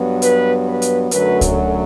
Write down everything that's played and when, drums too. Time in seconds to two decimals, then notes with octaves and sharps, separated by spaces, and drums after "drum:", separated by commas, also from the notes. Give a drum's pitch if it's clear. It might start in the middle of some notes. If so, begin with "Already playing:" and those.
Already playing: G2 F#3 B3
0.22 B4, drum: hi-hat
0.67 B4
0.82 drum: hi-hat
1.11 F#2 D3 F#3 A3 B4, drum: hi-hat
1.41 drum: kick C#2, hi-hat